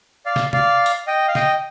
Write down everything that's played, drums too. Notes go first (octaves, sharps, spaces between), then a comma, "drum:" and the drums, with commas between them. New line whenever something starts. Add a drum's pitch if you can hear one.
D5 F5
drum: snare
D5 F5, drum: tom C3
drum: open hi-hat
D#5 G5
F5
D#5 G5, drum: snare